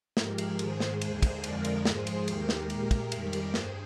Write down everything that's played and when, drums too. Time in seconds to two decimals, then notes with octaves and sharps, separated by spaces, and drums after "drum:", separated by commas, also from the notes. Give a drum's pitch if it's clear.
0.17 G#2 F3 G#3 G4 A#4, drum: snare
0.38 drum: cymbal
0.59 G#2 D#3 G#3 G#4 C5, drum: cymbal
0.80 drum: snare
1.01 D#2 D3 G#3, drum: cymbal
1.22 drum: kick, cymbal
1.44 F2 D3 F3 G#3 A#4 D5, drum: cymbal
1.65 drum: cymbal
1.85 G#2 F3 G#3 G#4 C5, drum: snare
2.07 drum: cymbal
2.28 D#2 D#3 G#3 G4 A#4, drum: cymbal
2.49 drum: snare
2.70 A#2 G#3 G4 A#4, drum: cymbal
2.91 drum: kick, cymbal
3.12 F2 D#3 G3 G4 A#4, drum: cymbal
3.33 drum: cymbal
3.54 G2 G#4 C5, drum: snare